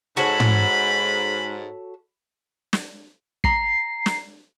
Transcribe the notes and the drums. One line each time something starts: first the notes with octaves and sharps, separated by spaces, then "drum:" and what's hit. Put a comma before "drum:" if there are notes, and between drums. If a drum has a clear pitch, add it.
G#2 F#4 A4 C#5 B5
drum: tom
drum: snare
A#5 C7, drum: kick
drum: snare